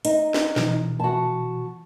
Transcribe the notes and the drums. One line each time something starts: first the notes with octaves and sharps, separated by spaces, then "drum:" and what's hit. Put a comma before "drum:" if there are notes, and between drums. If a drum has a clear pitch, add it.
D#4, drum: hi-hat
drum: snare
B2 E3, drum: snare
F#4 A5